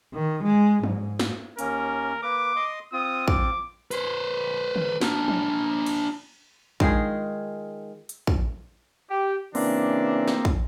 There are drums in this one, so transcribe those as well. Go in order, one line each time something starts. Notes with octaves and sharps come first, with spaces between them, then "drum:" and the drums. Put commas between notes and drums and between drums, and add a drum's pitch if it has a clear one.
D#3
G#3
G#2, drum: tom
drum: snare
D#2 A#3 C#4 A#4, drum: hi-hat
A#3 B4 D6
D#5 C6 D#6
C4 F4 D#6
D6, drum: kick
B4 C5, drum: hi-hat
drum: tom
D4 F4, drum: snare
drum: tom
drum: cymbal
D#3 G#3 F4 G#4, drum: kick
drum: hi-hat
drum: kick
G4
C#3 E3 A#3 C4 D4, drum: open hi-hat
drum: snare
drum: kick